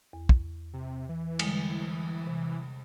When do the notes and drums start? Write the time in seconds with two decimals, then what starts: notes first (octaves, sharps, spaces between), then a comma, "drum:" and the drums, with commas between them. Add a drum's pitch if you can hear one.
0.13 E2
0.29 drum: kick
0.74 C3
1.09 E3
1.39 D3 G3 G#3, drum: cymbal
2.27 C3